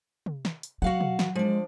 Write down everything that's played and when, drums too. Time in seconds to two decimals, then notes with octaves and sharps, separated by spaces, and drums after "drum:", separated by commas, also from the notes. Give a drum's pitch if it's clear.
0.26 drum: tom
0.45 drum: snare
0.63 drum: hi-hat
0.82 F#3 F#4 F5 F#5
1.00 drum: tom
1.19 drum: snare
1.35 F3 G#3 D4